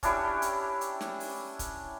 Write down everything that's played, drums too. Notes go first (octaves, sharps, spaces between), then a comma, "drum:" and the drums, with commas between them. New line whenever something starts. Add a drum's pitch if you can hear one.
C#4 D4 E4 G4, drum: kick C#1, hi-hat
drum: hi-hat
drum: hi-hat
drum: snare
drum: open hi-hat
drum: kick C#1, hi-hat